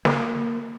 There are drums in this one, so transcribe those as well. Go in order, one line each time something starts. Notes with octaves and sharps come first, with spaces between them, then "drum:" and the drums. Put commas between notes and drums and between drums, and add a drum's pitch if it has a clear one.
A#3, drum: snare